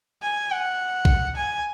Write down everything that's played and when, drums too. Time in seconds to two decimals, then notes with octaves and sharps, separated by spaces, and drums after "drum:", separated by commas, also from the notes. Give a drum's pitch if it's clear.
0.22 G#5
0.51 F#5
1.05 drum: kick B1
1.36 G#5